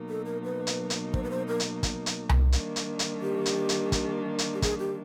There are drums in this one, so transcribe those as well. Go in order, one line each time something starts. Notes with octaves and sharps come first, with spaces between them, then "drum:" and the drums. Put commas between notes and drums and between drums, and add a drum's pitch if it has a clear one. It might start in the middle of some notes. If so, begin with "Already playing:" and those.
Already playing: B2 F#3 A#3 D#4
A4
A#4
B4
drum: hi-hat
drum: hi-hat
C5, drum: kick
B4
C5
A#4
drum: hi-hat
drum: kick, hi-hat
drum: hi-hat
drum: tom C2
D#3 G3 A#3 D4, drum: hi-hat
drum: hi-hat
drum: hi-hat
G4
drum: hi-hat
drum: hi-hat
drum: kick, hi-hat
drum: hi-hat
G4
G#4, drum: kick, hi-hat
G4